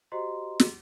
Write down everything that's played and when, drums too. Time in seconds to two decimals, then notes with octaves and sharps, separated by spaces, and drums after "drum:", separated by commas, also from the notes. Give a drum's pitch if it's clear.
0.12 F#4 G4 C5 D#5 A#5 C6
0.60 drum: snare